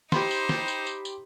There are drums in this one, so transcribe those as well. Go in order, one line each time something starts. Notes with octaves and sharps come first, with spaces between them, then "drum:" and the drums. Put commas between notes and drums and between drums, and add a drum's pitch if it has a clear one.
D#4 G4 C5 B5 C6, drum: snare
drum: tambourine
drum: snare
drum: tambourine
drum: tambourine
drum: tambourine